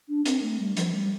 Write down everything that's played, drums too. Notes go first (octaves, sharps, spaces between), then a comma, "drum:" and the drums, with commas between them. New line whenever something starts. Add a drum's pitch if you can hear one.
D4
C4, drum: hi-hat
A3
G3
F3, drum: hi-hat
G3